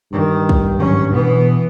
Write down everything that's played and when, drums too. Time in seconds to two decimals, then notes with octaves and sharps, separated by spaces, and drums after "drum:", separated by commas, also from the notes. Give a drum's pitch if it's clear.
0.12 G2 D#3
0.49 drum: kick
0.79 G#2 D#3 F#3 G3 C#4
1.13 B2 E3 B3